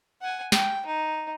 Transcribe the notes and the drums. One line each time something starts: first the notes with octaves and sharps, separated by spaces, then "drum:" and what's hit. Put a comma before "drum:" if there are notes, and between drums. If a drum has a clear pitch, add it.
F#5 G#5
G5, drum: snare
D#4